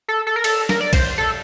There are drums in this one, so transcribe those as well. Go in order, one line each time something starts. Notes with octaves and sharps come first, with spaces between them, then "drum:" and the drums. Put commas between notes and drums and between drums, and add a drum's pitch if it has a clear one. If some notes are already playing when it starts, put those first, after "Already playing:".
A4
A4
A#4
A4, drum: cymbal
A#4, drum: snare
D5
C5, drum: kick B1, cymbal
A4